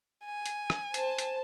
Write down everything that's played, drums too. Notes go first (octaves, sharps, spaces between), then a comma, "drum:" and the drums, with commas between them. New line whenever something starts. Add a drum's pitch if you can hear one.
G#5
drum: hi-hat
drum: rim click
C5 A5, drum: hi-hat
drum: hi-hat